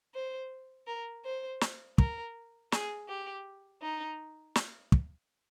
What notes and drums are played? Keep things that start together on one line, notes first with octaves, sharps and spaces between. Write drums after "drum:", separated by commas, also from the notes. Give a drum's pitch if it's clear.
C5
A#4
C5
drum: snare
A#4, drum: kick
G#4, drum: snare
G4
D#4
drum: snare
drum: kick